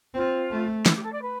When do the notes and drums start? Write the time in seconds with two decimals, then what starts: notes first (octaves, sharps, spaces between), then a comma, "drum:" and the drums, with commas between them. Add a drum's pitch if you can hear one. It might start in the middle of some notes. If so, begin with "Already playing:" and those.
0.14 C4 F4
0.51 A3
0.86 E4, drum: snare
0.95 G4
1.03 A4
1.12 D5
1.21 B4